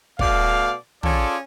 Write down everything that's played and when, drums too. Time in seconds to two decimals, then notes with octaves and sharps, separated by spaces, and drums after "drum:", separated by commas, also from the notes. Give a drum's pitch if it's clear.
0.19 B2 A3 D5 F5, drum: kick
1.03 C#4 F4 G#4 A4 C#5 D5, drum: tom